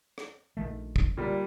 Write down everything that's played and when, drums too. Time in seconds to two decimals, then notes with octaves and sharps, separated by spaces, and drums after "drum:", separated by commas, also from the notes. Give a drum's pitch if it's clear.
0.18 drum: rim click
0.57 A#1 D#3 A3
0.96 drum: kick
1.17 A#2 G3